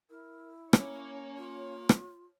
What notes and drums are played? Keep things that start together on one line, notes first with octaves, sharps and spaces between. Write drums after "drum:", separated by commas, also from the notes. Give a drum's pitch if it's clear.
E4 A#4
A#3 C#4 C#5, drum: rim click
F4
drum: rim click